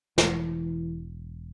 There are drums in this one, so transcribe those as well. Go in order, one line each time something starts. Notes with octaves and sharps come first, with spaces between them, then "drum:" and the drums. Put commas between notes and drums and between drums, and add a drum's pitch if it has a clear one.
E1 E3, drum: snare